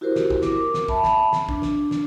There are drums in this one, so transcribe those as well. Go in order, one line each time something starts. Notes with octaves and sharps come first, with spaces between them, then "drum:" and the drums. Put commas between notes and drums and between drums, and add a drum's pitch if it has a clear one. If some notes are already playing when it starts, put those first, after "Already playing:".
E4 F#4 G4 A#4 C5
drum: snare
drum: kick
A#4 D6, drum: snare
drum: snare
E5 A5 B5, drum: kick
drum: snare
drum: snare
D4, drum: kick
drum: snare
drum: snare